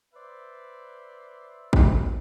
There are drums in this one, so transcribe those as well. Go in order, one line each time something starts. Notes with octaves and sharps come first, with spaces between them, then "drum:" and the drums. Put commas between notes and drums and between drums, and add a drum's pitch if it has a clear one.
B4 C5 D5 E5
drum: kick